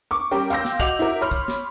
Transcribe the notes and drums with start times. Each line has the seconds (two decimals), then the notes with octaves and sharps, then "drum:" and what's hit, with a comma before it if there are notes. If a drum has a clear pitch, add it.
0.11 C#6 D6
0.31 G3 C#4 A#4 G5
0.50 F5 G5 C6 E6 G6 A#6, drum: hi-hat
0.65 drum: snare
0.80 F#4 D#5 D6 G6 F7 F#7, drum: kick
0.99 E4 F#4 A#4 E5
1.21 C#5 B5 C6 F6
1.31 drum: kick
1.48 drum: snare